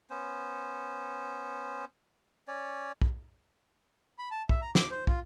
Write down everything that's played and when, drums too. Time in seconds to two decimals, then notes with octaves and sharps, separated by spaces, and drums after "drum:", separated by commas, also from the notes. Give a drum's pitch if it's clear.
0.10 B3 C#4 C5
2.48 C#4 C#5 D5
3.01 drum: kick
4.19 B5
4.31 A5
4.49 E5, drum: kick
4.62 A#5
4.75 D6, drum: snare
4.91 C5
5.07 F4, drum: kick